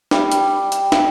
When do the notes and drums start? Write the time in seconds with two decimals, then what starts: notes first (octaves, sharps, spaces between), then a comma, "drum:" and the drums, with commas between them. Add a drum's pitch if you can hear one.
0.11 G3, drum: snare
0.32 drum: hi-hat
0.72 drum: hi-hat
0.92 drum: snare